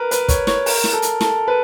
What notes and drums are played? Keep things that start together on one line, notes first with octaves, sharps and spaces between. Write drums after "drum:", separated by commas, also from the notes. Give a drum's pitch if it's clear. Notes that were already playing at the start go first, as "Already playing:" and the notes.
Already playing: A#4 B4
B4, drum: hi-hat
C#5, drum: kick, hi-hat
C#5, drum: snare
A#4, drum: open hi-hat
drum: snare
A4
drum: hi-hat
A4, drum: snare
B4